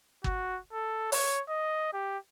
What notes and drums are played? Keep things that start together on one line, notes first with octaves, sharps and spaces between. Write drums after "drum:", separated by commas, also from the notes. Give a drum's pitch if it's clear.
F#4, drum: kick
A4
C#5, drum: open hi-hat
D#5
G4